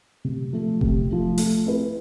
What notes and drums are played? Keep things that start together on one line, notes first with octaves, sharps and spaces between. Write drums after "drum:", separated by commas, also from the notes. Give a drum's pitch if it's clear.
C3
F3 A3
C3, drum: kick F1
F3 A3
A3, drum: open hi-hat
C4 E4 B4